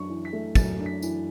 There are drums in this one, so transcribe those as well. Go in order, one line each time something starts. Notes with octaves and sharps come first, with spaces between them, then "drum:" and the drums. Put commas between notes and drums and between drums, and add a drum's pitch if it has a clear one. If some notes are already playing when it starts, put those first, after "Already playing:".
Already playing: F#2 D4 C#6
E3
B6
A3
F#2 A6, drum: kick, tambourine
D4
B6
E3, drum: tambourine